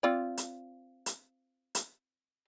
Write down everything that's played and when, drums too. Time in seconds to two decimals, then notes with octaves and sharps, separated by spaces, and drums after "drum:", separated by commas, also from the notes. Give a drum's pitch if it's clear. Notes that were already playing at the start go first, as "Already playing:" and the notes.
0.03 C4 F4 D5
0.37 drum: hi-hat
1.06 drum: hi-hat
1.75 drum: hi-hat